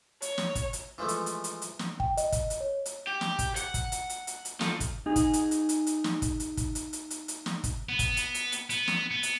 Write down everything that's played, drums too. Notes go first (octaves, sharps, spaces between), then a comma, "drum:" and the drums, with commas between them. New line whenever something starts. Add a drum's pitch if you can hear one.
C#5, drum: hi-hat
drum: snare
drum: kick, hi-hat
drum: hi-hat
E3 F3 G#3 A3
drum: hi-hat
drum: hi-hat
drum: hi-hat
drum: hi-hat
drum: snare
G5, drum: kick
D#5, drum: hi-hat
drum: kick, hi-hat
drum: hi-hat
C#5
drum: hi-hat
G4
drum: snare
drum: kick, hi-hat
F#5, drum: hi-hat
drum: kick, hi-hat
drum: hi-hat
drum: hi-hat
drum: hi-hat
drum: hi-hat
F4 A4, drum: snare
drum: kick, hi-hat
D#4 G#4
drum: kick, hi-hat
drum: hi-hat
drum: hi-hat
drum: hi-hat
drum: hi-hat
drum: snare
drum: kick, hi-hat
drum: hi-hat
drum: kick, hi-hat
drum: hi-hat
drum: hi-hat
drum: hi-hat
drum: hi-hat
drum: snare
drum: kick, hi-hat
B3
drum: kick, hi-hat
drum: hi-hat
drum: hi-hat
drum: hi-hat
B3, drum: hi-hat
drum: snare
B3
drum: hi-hat